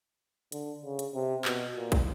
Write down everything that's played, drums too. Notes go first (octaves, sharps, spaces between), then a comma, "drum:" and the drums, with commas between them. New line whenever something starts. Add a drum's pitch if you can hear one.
D3, drum: hi-hat
C#3
drum: hi-hat
C3
B2, drum: clap
A#2
drum: kick, hi-hat